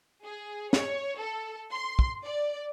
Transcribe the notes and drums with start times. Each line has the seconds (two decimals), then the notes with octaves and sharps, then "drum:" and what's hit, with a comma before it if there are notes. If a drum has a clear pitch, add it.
0.24 G#4
0.73 C#5, drum: snare
1.20 A4
1.72 C6
1.99 drum: kick
2.25 D5